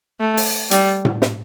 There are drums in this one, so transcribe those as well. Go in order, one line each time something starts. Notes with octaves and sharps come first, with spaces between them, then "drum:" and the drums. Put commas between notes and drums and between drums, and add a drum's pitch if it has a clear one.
A3
drum: open hi-hat
G3, drum: hi-hat
drum: tom A2
drum: snare